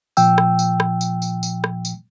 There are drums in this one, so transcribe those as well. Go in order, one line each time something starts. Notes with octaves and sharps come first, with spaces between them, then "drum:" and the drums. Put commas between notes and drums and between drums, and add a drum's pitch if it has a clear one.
A#2 F3 G5 E6, drum: tambourine
drum: rim click
drum: tambourine
drum: rim click
drum: tambourine
drum: tambourine
drum: tambourine
drum: rim click
drum: tambourine